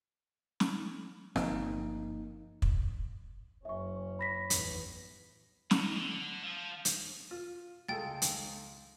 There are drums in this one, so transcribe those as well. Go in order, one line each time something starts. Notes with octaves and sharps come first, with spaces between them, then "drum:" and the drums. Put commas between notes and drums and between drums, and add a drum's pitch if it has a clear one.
drum: snare
G1 F3 A#3 C4 D#4, drum: rim click
drum: kick
F#1 C#4 E5 C#6
B5 A#6 B6
A1 E2, drum: hi-hat
D#4 F#4, drum: snare
D3
F3
drum: hi-hat
F4
C#2 G#3 A4 G5 A6
drum: hi-hat